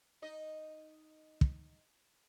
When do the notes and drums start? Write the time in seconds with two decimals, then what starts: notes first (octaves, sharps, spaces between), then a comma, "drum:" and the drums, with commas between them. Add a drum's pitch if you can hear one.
0.22 D#4 D#5
1.41 drum: kick